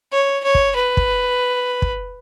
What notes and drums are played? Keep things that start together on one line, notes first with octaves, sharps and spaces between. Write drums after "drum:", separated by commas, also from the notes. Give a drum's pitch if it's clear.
C#5
C#5
drum: kick
B4
drum: kick
drum: kick